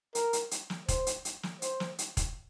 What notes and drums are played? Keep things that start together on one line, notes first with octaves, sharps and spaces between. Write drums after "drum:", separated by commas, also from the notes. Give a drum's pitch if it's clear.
A#4, drum: hi-hat
drum: hi-hat
drum: hi-hat
drum: snare
C5, drum: kick E1, hi-hat
drum: hi-hat
drum: hi-hat
drum: snare
C5, drum: hi-hat
drum: snare
drum: hi-hat
drum: kick E1, hi-hat